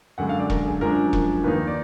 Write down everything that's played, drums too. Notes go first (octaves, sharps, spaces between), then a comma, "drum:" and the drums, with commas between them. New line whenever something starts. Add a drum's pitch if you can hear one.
F#2 D3 G#3 D4 F#5
F5
D5
A#4, drum: kick E1
G#4
F#2 F3 G#3 D4 A#4
drum: kick E1
D#2 D#3 A#3 D#4 B4
D5